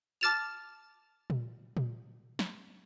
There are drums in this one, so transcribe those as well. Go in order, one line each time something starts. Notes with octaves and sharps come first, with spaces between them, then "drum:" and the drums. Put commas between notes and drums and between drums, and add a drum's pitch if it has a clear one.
A5 D6 F6 A6 E7 F7
drum: tom A#2
drum: tom A#2
drum: snare